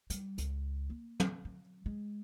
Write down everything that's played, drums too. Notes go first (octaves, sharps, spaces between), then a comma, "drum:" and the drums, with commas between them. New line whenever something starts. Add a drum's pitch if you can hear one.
G3, drum: hi-hat
C#2, drum: hi-hat
A#3
drum: tom
F#3
G#3